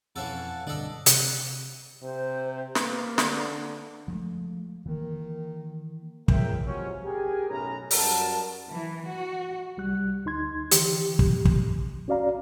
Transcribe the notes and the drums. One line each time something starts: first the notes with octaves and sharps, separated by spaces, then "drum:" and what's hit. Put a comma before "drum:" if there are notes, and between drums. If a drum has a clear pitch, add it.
F2 E3 C#4 A4 F5 F#5 A5
B1 G2 D3 D4 A4 D#5
C3 F#6 D#7, drum: hi-hat
C3 C5
A#3 B4, drum: snare
D3, drum: snare
F3 G#3 A3
D#3 E3 A#3
C#2 A#4 E5 G5, drum: kick
C3 F3 F#3 G#3 C#4
G4 G#4 A#4 G#5
B1 F#2 A2 C#4 B4 A#5
F#2 G3 F#4 A#4 A5, drum: open hi-hat
E3
F#4
C2 G3 F#6
D2 D#4 C6 G#6
D3 E3 G4, drum: hi-hat
drum: kick
drum: kick
C#4 F#4 D5 F5 A#5